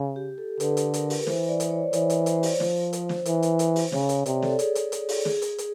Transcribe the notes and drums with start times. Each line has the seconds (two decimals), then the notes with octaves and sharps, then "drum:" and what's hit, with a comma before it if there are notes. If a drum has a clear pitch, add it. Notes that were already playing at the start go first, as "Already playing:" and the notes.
Already playing: C#3
0.16 G4
0.38 A4
0.60 D3 B4, drum: hi-hat
0.77 drum: hi-hat
0.94 A#4, drum: hi-hat
1.10 drum: open hi-hat
1.27 E3 C5, drum: snare
1.49 D5
1.60 drum: hi-hat
1.71 C#5
1.93 E3 C#5, drum: hi-hat
2.10 drum: hi-hat
2.26 C5, drum: hi-hat
2.43 drum: open hi-hat
2.60 F3, drum: snare
2.93 drum: hi-hat
3.09 drum: snare
3.25 E3, drum: hi-hat
3.42 drum: hi-hat
3.59 drum: hi-hat
3.76 drum: open hi-hat
3.92 C#3 C#5, drum: snare
4.09 drum: hi-hat
4.26 C3 D5, drum: hi-hat
4.42 A4, drum: snare
4.59 G#4, drum: hi-hat
4.75 drum: hi-hat
4.92 drum: hi-hat
5.09 drum: open hi-hat
5.25 G#4, drum: snare
5.42 drum: hi-hat
5.58 drum: hi-hat